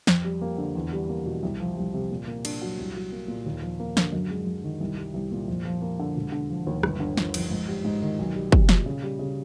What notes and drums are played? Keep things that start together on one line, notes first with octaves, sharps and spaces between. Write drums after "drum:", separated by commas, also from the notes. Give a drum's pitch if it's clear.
F2, drum: snare
G3
A#3
D3
E2
G3
A#3
B2
C2
F3
C2
C3
A#2
A#3
D4, drum: cymbal
F#3
C2
F#3
A#3
A#2
D#2
F3
A#3
D3, drum: snare
F#2
G#3
F#2
D#3
C2
G3
C2
A#2
F2
F3
A#3
D3
E1
D3
F3
D#2
G1, drum: rim click
D3
G1, drum: snare
F2, drum: cymbal
G#2
G3
G#2
D#3
B1
G3
B1, drum: kick
A#2, drum: snare
C#3
G3
C#3